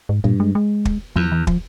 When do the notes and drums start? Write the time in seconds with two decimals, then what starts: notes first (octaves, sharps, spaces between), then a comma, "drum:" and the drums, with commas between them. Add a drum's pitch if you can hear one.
0.09 G#2
0.24 G2 A#2
0.40 G#3
0.55 G#3
0.85 drum: kick
1.16 E2 F3
1.32 E3
1.47 F3, drum: kick